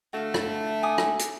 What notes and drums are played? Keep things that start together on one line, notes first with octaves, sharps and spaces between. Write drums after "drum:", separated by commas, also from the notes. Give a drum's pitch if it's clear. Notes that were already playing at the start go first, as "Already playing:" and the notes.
D3 A3 F#4 F5
drum: rim click
G#5 D6 D#6
drum: rim click
drum: hi-hat